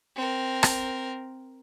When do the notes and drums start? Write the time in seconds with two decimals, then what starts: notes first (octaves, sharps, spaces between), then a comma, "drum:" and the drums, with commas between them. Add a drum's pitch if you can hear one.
0.16 C4 A#4
0.63 drum: rim click